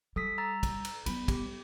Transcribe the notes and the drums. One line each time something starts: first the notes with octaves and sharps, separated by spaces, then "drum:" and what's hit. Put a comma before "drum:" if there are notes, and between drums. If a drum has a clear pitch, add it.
G3 A4 D#6 B6
A#5 E6 A6
drum: kick, cymbal
drum: cymbal
G3 B3 B5, drum: cymbal
G4, drum: kick, cymbal